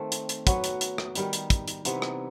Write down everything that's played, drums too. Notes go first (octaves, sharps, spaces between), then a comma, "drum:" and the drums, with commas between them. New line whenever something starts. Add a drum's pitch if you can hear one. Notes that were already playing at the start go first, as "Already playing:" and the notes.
Already playing: D#3 A3 C4
drum: hi-hat
drum: hi-hat
F#3 B3 F#4, drum: kick, hi-hat
drum: hi-hat
drum: hi-hat
drum: rim click
D#3 G3 D#4, drum: hi-hat
drum: hi-hat
drum: kick, hi-hat
drum: hi-hat
C3 E3 B3 D#4, drum: hi-hat
drum: rim click